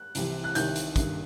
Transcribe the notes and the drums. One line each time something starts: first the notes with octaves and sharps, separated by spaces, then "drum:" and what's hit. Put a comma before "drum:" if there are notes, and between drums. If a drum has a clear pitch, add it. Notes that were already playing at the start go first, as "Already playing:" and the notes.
Already playing: F#6
C2 C3 E3, drum: hi-hat
F#6
C2 C3 D#3 G6, drum: hi-hat
drum: hi-hat
G2 D#3, drum: kick, hi-hat